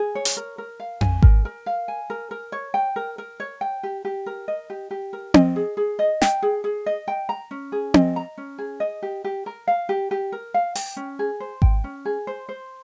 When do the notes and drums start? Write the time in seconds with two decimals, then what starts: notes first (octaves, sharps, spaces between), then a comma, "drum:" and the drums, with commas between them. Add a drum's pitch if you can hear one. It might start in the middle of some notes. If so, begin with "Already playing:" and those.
Already playing: G#4
0.15 C#5
0.25 drum: hi-hat
0.37 A#4
0.58 A#4
0.80 F5
1.01 G#5, drum: tom F2
1.22 A#4, drum: kick G#1
1.45 A#4
1.66 F5
1.88 G#5
2.10 A#4
2.31 A#4
2.52 C#5
2.74 G5
2.96 A#4
3.18 A#4
3.40 C#5
3.61 G5
3.83 G4
4.05 G4
4.26 A#4
4.48 D#5
4.70 G4
4.91 G4
5.13 A#4
5.34 D#5, drum: tom C4
5.56 G#4
5.77 G#4
5.99 D#5
6.21 G5, drum: snare
6.42 G#4
6.64 G#4
6.86 D#5
7.08 G5
7.29 A#5
7.51 C#4
7.72 G#4
7.94 D#5, drum: tom C4
8.16 A#5
8.38 C#4
8.58 G#4
8.80 D#5
9.02 G4
9.24 G4
9.46 A#4
9.68 F5
9.89 G4
10.11 G4
10.32 A#4
10.54 F5
10.75 G5, drum: open hi-hat
10.97 C#4
11.19 G#4
11.40 C5
11.62 G5, drum: kick G#1
11.84 C#4
12.05 G#4
12.27 C5
12.49 C5